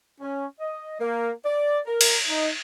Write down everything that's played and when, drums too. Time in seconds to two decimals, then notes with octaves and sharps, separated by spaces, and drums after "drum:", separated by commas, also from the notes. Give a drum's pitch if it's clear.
0.20 C#4
0.60 D#5
1.00 A#3
1.44 D5
1.87 A#4
2.01 drum: cymbal
2.28 D#4